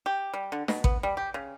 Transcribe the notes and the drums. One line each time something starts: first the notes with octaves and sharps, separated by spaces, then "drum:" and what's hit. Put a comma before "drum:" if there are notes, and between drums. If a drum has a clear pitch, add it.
G4
G3
D3
B2, drum: snare
B3, drum: kick A1
G3
G4
C#3